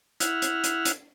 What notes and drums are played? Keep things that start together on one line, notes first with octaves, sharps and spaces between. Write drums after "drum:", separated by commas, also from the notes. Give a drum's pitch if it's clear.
E4 F#5 F6, drum: hi-hat
drum: hi-hat
drum: hi-hat
drum: hi-hat